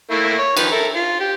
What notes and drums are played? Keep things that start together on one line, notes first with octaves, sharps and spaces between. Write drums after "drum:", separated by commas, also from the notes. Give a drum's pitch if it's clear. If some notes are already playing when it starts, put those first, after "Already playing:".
A3 A#3 E4
C#5
D#3 F3 B4, drum: cymbal
A4 A#4 E5
F4
G4